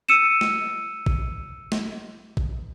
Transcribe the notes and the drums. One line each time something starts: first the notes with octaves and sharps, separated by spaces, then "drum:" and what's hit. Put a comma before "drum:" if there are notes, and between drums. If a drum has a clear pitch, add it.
E6 C#7 D#7 E7
drum: snare
drum: kick G#1
drum: snare
drum: kick G#1